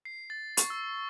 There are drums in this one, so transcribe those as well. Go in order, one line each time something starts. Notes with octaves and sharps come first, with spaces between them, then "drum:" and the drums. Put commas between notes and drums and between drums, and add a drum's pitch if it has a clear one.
C7
A6
C#6, drum: hi-hat
E6